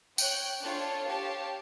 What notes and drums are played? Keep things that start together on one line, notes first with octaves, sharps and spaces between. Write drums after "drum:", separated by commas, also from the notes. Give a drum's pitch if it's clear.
C#5 G5 F#6, drum: tambourine
D4 F4 A4 C#5
G4 C#5 F5 A5